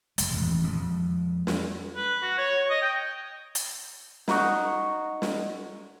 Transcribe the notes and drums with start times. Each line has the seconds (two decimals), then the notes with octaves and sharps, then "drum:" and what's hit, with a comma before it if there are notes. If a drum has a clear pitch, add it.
0.18 F1 G#3, drum: hi-hat
0.34 D#1 A1 E2 E3
0.65 F2 G#3
1.47 drum: snare
1.96 B4
2.23 F#4
2.38 C#5
2.70 D#5
2.82 G5
3.55 drum: hi-hat
4.28 D#4 F#4, drum: snare
5.22 drum: snare